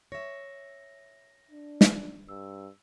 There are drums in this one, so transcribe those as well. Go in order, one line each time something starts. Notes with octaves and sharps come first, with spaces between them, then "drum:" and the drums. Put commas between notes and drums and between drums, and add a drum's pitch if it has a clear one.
C#5 E5 A#6
D4
drum: snare
G2 E6